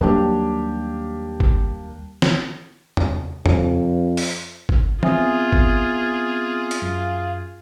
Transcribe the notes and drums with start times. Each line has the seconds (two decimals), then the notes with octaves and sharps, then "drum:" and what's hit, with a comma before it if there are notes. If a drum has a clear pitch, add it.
0.01 D#2 F#3 G3 A#3 D4 G4
1.40 drum: kick G1
2.22 drum: snare
2.97 drum: tom E2
3.46 F2, drum: tom E2
4.17 drum: open hi-hat
4.69 drum: kick G1
5.03 B3 C4 F4 G#4 E5 G#5 D#6, drum: tom E3
5.52 drum: kick G1
6.71 drum: hi-hat
6.82 F#2 F5